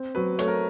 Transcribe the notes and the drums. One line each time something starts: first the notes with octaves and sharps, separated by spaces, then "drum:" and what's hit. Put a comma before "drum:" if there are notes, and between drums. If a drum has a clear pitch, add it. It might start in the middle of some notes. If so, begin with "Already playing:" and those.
Already playing: C4
F#3 B4
A3 C#5, drum: hi-hat
A#4